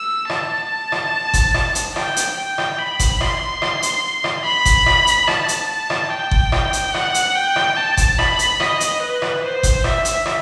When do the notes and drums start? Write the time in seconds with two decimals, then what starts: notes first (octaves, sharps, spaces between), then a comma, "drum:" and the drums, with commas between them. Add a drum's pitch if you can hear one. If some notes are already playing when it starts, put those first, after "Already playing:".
Already playing: E6
0.30 A5, drum: rim click
0.92 drum: rim click
1.34 drum: kick G1, hi-hat
1.54 drum: rim click
1.75 drum: hi-hat
1.96 G5, drum: rim click
2.17 drum: hi-hat
2.37 G5
2.58 drum: rim click
2.79 B5
2.99 drum: kick G1, hi-hat
3.21 C6, drum: rim click
3.62 drum: rim click
3.82 drum: hi-hat
4.24 drum: rim click
4.45 B5
4.65 drum: kick G1, hi-hat
4.86 drum: rim click
5.07 drum: hi-hat
5.28 A5, drum: rim click
5.48 drum: hi-hat
5.69 A5
5.90 drum: rim click
6.11 G5
6.31 drum: kick G1
6.52 drum: rim click
6.73 drum: hi-hat
6.94 F#5, drum: rim click
7.14 drum: hi-hat
7.35 G5
7.56 drum: rim click
7.76 A5
7.97 drum: kick G1, hi-hat
8.19 B5, drum: rim click
8.39 drum: hi-hat
8.60 D#5, drum: rim click
8.80 drum: hi-hat
9.00 B4
9.22 drum: rim click
9.42 C5
9.63 drum: kick G1, hi-hat
9.84 E5, drum: rim click
10.05 drum: hi-hat
10.26 drum: rim click